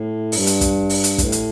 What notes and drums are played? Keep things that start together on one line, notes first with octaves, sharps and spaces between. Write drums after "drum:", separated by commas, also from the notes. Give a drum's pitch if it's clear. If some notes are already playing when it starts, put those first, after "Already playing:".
Already playing: A2
G2, drum: open hi-hat
drum: hi-hat
drum: kick, hi-hat
drum: open hi-hat
drum: hi-hat
A2, drum: kick, hi-hat
drum: hi-hat